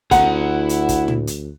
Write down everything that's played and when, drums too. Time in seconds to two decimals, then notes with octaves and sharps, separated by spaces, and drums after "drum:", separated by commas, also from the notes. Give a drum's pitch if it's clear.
0.11 D2 E4 F#5 A#5, drum: kick, hi-hat
0.69 drum: hi-hat
0.89 drum: kick, hi-hat
1.08 drum: tom
1.27 drum: hi-hat